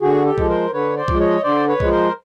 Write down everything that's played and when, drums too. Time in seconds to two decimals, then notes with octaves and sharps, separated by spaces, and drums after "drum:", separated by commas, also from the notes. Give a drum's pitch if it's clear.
0.02 D3 F#4 G#4
0.26 G4 A4
0.38 F3 G#3, drum: kick B1
0.50 A#4 C5
0.73 D3 B4 C#5
0.96 C5 D5
1.08 F3 G#3, drum: kick B1
1.20 C#5 D#5
1.44 D3 C5 D5
1.68 B4 C#5
1.80 F3 G#3, drum: kick B1
1.91 A#4 C5